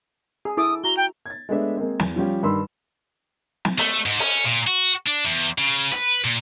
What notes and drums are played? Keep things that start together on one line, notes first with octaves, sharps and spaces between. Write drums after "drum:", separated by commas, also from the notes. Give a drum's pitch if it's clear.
G#4
E4 A4 D6 D#6
F#4 A#5 G7
G5
G#6 A6
G#3 A3 B3 D4 E5
G#3 A#3 C4
E2, drum: snare
F3 G3 C#4 F4 G4
G2 D#3 G3 B5 C6 E6
drum: snare
A3, drum: open hi-hat
G#2
C#4, drum: open hi-hat
A#2
F#4
D4
E2
C#3
B4, drum: hi-hat
A#2